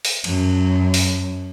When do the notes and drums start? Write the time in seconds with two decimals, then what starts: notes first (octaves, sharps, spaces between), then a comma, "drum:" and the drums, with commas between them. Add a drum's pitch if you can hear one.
0.05 drum: open hi-hat
0.24 F#2, drum: cymbal
0.94 drum: open hi-hat